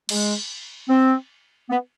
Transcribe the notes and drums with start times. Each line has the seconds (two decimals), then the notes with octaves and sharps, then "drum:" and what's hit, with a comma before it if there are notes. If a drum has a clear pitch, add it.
0.09 G#3, drum: cymbal
0.89 C4
1.70 B3